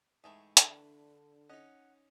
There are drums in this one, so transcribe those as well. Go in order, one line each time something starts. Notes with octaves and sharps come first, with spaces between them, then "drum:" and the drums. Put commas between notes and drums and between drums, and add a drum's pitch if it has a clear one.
G#2 E3 A3 G#4 G5 C#6
D3 D4 B4, drum: hi-hat
C#4 D#4 D#5 F#5